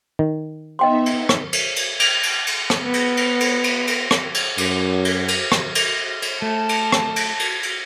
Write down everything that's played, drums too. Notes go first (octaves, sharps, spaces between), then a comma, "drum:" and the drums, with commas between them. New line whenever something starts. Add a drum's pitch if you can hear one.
D#3
B3 D#4 D#5 E5 G5 C6
drum: cymbal
drum: rim click
drum: cymbal
drum: cymbal
drum: cymbal
drum: cymbal
drum: cymbal
drum: rim click
B3
drum: cymbal
drum: cymbal
drum: cymbal
drum: cymbal
drum: cymbal
drum: rim click
drum: cymbal
F#2, drum: cymbal
drum: cymbal
drum: cymbal
drum: rim click
drum: cymbal
drum: cymbal
A3 A5
drum: cymbal
drum: rim click
drum: cymbal
drum: cymbal
drum: cymbal